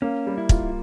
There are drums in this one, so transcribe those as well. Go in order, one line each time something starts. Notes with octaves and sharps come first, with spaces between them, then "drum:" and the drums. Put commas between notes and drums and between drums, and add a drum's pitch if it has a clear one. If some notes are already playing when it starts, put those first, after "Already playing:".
A#3 C#4
G3
E4
F4, drum: kick